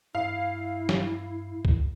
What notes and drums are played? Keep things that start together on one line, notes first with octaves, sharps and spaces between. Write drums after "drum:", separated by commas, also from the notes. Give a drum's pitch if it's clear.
G2 E4 F5
drum: snare
drum: kick C#2